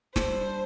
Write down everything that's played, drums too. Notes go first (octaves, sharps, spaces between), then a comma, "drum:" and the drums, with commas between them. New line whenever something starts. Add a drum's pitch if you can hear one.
G3 D4 A4 C5, drum: snare